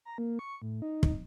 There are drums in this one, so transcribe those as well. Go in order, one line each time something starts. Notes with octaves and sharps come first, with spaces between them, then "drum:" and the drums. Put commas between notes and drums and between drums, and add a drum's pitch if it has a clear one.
A#5
A#3
C#6
A2
D#4
drum: kick